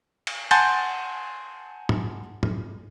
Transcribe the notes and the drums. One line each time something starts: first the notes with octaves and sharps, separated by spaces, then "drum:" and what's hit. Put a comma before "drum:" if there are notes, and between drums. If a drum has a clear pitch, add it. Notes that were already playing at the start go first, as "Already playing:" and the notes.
drum: cymbal
F#5 G#5 A5 C6 G6 A6, drum: cymbal
drum: tom
drum: tom